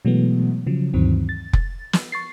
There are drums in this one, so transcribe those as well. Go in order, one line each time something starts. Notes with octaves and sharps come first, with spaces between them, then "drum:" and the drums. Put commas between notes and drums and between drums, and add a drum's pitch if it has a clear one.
B2 E3 F#3 G#3 A3 B3
C#3 F3 F#3
D2 G2 D#3 E3 F#3 C4
A6
drum: kick F1
drum: snare
C#6 A6 C7